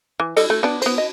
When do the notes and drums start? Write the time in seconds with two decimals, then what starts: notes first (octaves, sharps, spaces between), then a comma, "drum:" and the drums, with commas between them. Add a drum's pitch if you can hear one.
0.20 E3
0.36 G3 A4 D#5, drum: cymbal
0.50 A3
0.63 B3 D4
0.82 B3 C5, drum: cymbal
0.98 D#5